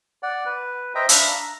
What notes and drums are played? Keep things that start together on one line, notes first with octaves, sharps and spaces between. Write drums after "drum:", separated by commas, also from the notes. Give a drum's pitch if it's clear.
D5 F#5
B4
C5 D#5 E5 G5 A#5
D4 E5 F5 B5 E6, drum: hi-hat
A#5